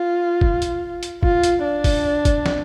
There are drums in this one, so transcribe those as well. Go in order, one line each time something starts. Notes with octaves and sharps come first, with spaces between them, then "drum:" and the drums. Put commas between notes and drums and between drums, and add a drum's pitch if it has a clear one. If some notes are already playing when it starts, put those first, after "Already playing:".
Already playing: F4
drum: kick
drum: hi-hat
drum: hi-hat
F4, drum: kick
drum: hi-hat
D4
drum: kick, open hi-hat
drum: kick, hi-hat
drum: snare